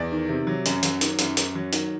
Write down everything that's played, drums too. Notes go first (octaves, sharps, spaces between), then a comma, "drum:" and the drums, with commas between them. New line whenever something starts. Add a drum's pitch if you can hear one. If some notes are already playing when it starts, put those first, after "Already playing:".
Already playing: E2 D5
D#3
C3
F#3
F#2, drum: hi-hat
F#3, drum: hi-hat
D#3, drum: hi-hat
F#2, drum: hi-hat
F#2, drum: hi-hat
F#3
D#3, drum: hi-hat